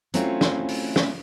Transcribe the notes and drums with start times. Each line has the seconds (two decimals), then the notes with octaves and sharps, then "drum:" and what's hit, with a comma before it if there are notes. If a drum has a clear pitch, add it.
0.14 F#3 A3 C4 C#4 E4 F4, drum: hi-hat
0.41 drum: snare
0.68 drum: open hi-hat
0.96 drum: snare